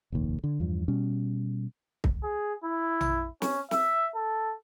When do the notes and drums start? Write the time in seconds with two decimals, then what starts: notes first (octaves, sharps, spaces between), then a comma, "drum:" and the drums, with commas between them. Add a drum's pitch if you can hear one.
0.12 F1 A#1 D#2
0.44 D3
0.60 E2 G2 F3
0.88 B2 G3 C#4
2.04 drum: kick
2.23 G#4
2.64 E4
3.01 drum: tom A#1
3.42 C#4, drum: snare
3.71 E5, drum: snare
4.15 A4